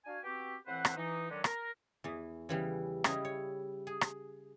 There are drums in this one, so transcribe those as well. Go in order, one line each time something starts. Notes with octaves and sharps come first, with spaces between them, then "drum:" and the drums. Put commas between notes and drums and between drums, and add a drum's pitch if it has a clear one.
D4 F#4 F5 G#5
B3 C4 F#4 G4
A2 E3 C4 B4 C5 F#5
drum: rim click
E3 D#4
D3 D#3 F#3 G#3 C#4 D4
A#4, drum: rim click
E2 E3
C#3 E3 G3
C#3 G3 E4 D#5 G#5, drum: rim click
C#5
G#4
drum: rim click